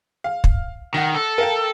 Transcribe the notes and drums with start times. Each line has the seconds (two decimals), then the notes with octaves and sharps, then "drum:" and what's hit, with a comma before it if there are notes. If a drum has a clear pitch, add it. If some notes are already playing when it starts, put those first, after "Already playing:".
0.24 F5
0.44 drum: kick
0.94 D#3 F#5 A#6
1.15 A4
1.38 A#4 F5 G5